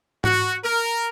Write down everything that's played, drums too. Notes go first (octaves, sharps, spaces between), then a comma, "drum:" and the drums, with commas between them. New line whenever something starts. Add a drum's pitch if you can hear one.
F#4, drum: tom G#2
A#4